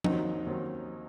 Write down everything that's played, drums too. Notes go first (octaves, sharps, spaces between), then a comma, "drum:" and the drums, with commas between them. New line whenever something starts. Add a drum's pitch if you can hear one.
D#2 D#3 F#3 C4 D#4, drum: tom F3
D#2 D#3 F#3 C4